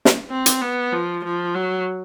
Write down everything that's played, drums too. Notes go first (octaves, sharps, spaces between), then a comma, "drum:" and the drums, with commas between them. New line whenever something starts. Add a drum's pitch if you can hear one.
drum: snare
C4
drum: hi-hat
B3
F3
F3
F#3